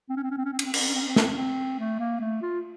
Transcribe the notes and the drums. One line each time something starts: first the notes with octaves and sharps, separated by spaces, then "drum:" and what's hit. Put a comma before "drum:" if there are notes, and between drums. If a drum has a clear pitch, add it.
C4
C#4
C4
C#4
C4
C#4
C4
C#4, drum: cymbal
C4
C#4, drum: cymbal
C4
C#4
C4
C#4
C4
C#4, drum: snare
C4
C#4
C4
A3
A#3
A3
F4